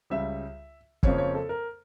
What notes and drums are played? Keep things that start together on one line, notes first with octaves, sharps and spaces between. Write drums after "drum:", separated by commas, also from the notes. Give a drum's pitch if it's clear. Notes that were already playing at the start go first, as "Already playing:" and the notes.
C#2 C#3 G3 E5
F2 C#3 F3 A#3 C#5, drum: kick
C#5
A4
A#4